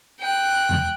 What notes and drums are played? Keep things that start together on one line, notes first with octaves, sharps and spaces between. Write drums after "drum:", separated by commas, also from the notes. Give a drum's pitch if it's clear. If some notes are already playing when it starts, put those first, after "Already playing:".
G5 F#6
drum: tom E2